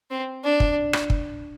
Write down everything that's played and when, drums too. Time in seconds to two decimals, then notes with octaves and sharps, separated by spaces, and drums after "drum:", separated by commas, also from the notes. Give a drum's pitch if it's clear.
0.11 C4
0.44 D4
0.60 drum: kick
0.93 drum: rim click
1.10 drum: kick